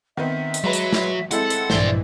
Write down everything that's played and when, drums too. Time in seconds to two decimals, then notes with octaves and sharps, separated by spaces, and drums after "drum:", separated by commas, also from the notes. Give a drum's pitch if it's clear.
0.17 D#3 B3 C4 E5
0.54 drum: hi-hat
0.64 F#3 G#3 B4
0.73 drum: hi-hat
0.93 drum: snare
1.31 G#3 C4 E4 A4 F#5, drum: hi-hat
1.50 drum: hi-hat
1.70 A#1 G2 E3 C5 D5, drum: snare